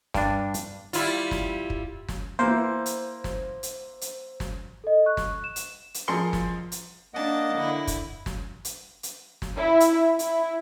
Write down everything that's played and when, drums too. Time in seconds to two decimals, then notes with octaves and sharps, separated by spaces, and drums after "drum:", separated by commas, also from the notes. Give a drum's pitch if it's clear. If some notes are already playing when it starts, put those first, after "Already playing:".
0.14 G2 D4, drum: snare
0.54 drum: hi-hat
0.93 G3 E4 F4, drum: hi-hat
1.31 drum: snare
1.70 drum: kick
2.08 drum: snare
2.39 E3 A#3 C5
2.86 drum: hi-hat
3.24 drum: snare
3.63 drum: hi-hat
4.01 drum: hi-hat
4.40 drum: snare
4.84 A4 D#5
5.06 C#6 F#6
5.17 drum: snare
5.44 E7
5.56 drum: hi-hat
5.94 drum: hi-hat
6.08 A1 F3 G#4 A#4 C6 C#7
6.33 drum: snare
6.72 drum: hi-hat
7.14 A#3 D4 D#5 F#5 A5
7.55 D3 E4
7.87 drum: kick, hi-hat
8.26 drum: snare
8.65 drum: hi-hat
9.03 drum: hi-hat
9.42 drum: snare
9.58 E4
9.80 drum: hi-hat
10.19 E4, drum: hi-hat